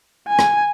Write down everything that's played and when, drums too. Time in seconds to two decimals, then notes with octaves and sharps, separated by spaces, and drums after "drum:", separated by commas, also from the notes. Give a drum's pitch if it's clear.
0.28 G#5
0.39 drum: rim click